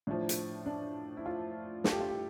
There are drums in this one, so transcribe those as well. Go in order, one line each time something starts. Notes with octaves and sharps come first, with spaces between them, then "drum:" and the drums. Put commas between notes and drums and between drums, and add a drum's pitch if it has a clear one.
A2 F3 D4
drum: hi-hat
D4
E4
F4
A4, drum: snare
G4
F4
G4